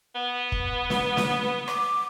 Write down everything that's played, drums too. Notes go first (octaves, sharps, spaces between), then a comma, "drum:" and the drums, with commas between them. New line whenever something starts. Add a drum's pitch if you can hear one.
B3
drum: kick
B4, drum: snare
drum: snare
D6, drum: rim click